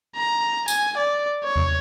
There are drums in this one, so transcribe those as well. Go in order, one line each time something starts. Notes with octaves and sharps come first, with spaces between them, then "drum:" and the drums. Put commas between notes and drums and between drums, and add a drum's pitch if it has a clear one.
A#5
G#5, drum: tambourine
D5
C#5
drum: tom E2